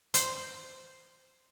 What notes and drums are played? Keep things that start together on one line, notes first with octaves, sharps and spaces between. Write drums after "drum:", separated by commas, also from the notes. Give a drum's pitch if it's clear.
C5, drum: hi-hat